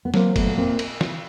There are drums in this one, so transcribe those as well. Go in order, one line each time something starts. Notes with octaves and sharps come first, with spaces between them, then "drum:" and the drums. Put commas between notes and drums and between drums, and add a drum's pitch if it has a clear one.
B3
F#3 A#3 C4, drum: snare
A3 B3, drum: kick F#1, cymbal
A#2
A#3 C4
drum: cymbal
drum: snare